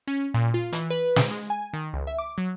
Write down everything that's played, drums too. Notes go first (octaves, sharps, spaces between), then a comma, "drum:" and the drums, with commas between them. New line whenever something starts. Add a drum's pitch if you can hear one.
C#4
A#2
F4
E3, drum: hi-hat
B4
drum: snare
G#3
G#5
D#3
C#2
E5
D6
F#3